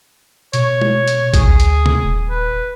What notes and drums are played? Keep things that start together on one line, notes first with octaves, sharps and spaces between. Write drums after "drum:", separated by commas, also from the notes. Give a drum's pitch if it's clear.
B2 C#5, drum: hi-hat
drum: tom
drum: hi-hat
D2 G#4, drum: kick, hi-hat
drum: hi-hat
drum: tom C3
D#1
B4